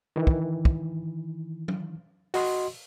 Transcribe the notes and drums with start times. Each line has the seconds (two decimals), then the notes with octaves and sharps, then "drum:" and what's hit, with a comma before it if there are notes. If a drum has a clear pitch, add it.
0.16 D#3 E3
0.27 drum: kick
0.65 drum: kick
1.68 drum: tom F#3
2.34 F#4 D#5 C6, drum: open hi-hat